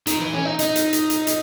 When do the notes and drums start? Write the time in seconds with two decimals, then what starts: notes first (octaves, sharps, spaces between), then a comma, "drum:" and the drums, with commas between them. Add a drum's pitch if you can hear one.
0.07 D#3, drum: hi-hat
0.21 E3
0.33 C#4
0.45 D#4
0.59 D#4, drum: hi-hat
0.76 drum: hi-hat
0.93 drum: hi-hat
1.10 drum: hi-hat
1.27 drum: hi-hat